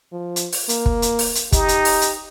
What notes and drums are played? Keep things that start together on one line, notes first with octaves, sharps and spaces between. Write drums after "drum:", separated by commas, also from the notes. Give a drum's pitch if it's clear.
F3
drum: hi-hat
drum: open hi-hat
A#3, drum: hi-hat
drum: kick
drum: hi-hat
drum: open hi-hat
drum: hi-hat
D#4 G4, drum: kick, hi-hat
drum: hi-hat
drum: open hi-hat
drum: hi-hat